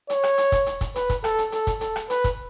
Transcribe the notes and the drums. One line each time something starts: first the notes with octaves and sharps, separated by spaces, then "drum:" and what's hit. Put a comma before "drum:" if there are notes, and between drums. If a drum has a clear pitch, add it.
C#5, drum: hi-hat
drum: rim click
drum: hi-hat
drum: kick, hi-hat
drum: hi-hat
drum: kick, hi-hat
B4, drum: hi-hat
drum: kick, hi-hat
A4, drum: rim click
drum: hi-hat
A4, drum: hi-hat
drum: kick, hi-hat
A4, drum: hi-hat
drum: rim click
B4, drum: hi-hat
drum: kick, hi-hat